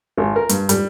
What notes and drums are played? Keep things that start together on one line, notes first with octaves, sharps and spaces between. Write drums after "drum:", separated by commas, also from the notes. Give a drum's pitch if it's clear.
G#1
A#4
G2, drum: hi-hat
G3, drum: hi-hat